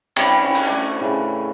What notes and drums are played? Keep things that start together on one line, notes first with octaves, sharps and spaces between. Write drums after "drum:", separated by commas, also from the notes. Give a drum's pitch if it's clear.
C3 G3 B4, drum: cymbal
C#4 E4
drum: cymbal
A3 D4
A2 C#3 E3